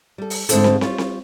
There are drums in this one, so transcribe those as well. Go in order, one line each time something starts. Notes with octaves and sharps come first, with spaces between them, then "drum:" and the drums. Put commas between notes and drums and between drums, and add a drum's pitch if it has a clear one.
G3 A4
drum: open hi-hat
G#2 D3 A3 C4 E4 A4, drum: hi-hat
drum: snare
G3 F4 C#5, drum: snare
drum: snare